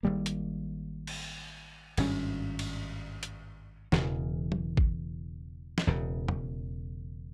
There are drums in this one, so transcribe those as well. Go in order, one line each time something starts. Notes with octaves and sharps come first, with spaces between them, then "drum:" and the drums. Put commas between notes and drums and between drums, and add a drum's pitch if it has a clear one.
G#1 G2 G3 A#3
drum: hi-hat
drum: cymbal
G#1 G2 G3 C#4, drum: cymbal
drum: cymbal
drum: hi-hat
E1 E2 C#3 E3, drum: snare
drum: tom
drum: kick
drum: snare
E1 E2 C#3
drum: tom E2